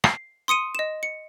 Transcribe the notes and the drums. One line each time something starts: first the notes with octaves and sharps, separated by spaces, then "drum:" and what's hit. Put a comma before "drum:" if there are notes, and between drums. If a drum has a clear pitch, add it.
C7, drum: rim click
C6 D#6 C#7 D#7
D#5 E7
C#7